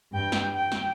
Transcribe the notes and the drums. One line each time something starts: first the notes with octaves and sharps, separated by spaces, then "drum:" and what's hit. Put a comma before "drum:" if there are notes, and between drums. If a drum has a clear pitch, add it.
G2 G5
drum: snare
G5
drum: snare